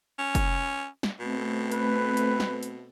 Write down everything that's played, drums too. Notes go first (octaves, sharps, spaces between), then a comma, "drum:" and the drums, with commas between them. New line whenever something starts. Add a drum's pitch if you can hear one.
C#4
drum: kick, hi-hat
drum: snare
B2 A3 C4 A4
B4, drum: hi-hat
drum: hi-hat
drum: snare
drum: hi-hat